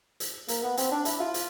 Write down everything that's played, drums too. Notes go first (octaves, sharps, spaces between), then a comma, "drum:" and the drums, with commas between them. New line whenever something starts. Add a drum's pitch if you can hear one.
drum: hi-hat
A#3, drum: hi-hat
B3
C4, drum: hi-hat
D4
E4, drum: hi-hat
F4
drum: hi-hat